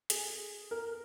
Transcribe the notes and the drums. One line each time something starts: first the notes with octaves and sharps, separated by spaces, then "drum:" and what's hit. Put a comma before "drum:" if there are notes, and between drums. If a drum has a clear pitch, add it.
G#4, drum: hi-hat
A#4